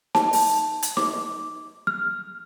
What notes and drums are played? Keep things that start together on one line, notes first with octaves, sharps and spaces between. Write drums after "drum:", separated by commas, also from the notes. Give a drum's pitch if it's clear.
A5, drum: snare D#4
drum: open hi-hat
drum: hi-hat
D6, drum: snare D#4
F6